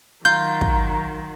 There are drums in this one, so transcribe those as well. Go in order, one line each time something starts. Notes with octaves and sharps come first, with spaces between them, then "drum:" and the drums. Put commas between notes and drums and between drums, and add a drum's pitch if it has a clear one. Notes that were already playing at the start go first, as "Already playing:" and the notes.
D#3 F#3 F4 A#5 G6
drum: kick